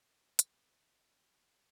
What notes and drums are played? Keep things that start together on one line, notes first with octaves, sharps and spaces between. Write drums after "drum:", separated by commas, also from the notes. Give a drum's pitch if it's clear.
A#3 B3 B4 C5, drum: hi-hat